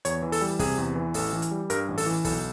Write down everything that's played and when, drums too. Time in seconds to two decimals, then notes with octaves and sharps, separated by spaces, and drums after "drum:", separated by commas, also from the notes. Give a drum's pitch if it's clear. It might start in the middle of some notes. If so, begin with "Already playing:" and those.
0.05 E2 C#5, drum: hi-hat
0.22 E3
0.32 A4, drum: open hi-hat
0.41 G3
0.59 C3 G#4, drum: kick, open hi-hat
0.78 E2
0.96 E3
1.14 A1 A4, drum: open hi-hat
1.33 E3
1.42 drum: hi-hat
1.51 G3
1.70 G2 A#4, drum: hi-hat
1.88 A1
1.98 A4, drum: open hi-hat
2.06 E3
2.25 B1 A4, drum: kick, open hi-hat